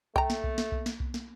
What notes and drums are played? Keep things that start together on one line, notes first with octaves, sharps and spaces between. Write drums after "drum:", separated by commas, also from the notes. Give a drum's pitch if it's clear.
A3 G5 A#5, drum: kick B1
drum: snare
drum: kick B1
drum: snare
drum: kick B1
drum: snare
drum: kick B1
drum: snare